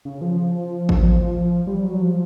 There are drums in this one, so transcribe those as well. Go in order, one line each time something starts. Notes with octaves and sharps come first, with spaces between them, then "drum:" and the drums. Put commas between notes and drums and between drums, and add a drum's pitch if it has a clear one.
C#3
F3
drum: kick A1
F3
G3
F#3
F3